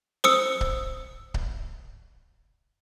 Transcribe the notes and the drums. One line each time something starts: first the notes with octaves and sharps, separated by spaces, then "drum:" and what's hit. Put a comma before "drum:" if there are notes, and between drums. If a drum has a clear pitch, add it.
C5 D#6 E6 C#7, drum: snare C4
drum: kick C#1
drum: kick C#1